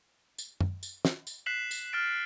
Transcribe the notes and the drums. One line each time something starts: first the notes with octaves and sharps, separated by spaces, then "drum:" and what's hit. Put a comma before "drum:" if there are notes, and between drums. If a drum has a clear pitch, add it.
drum: tambourine
drum: tom F#2
drum: tambourine
drum: snare
drum: tambourine
F#6 B6 C7 E7 F#7
drum: tambourine
F6 F#6 A6 D7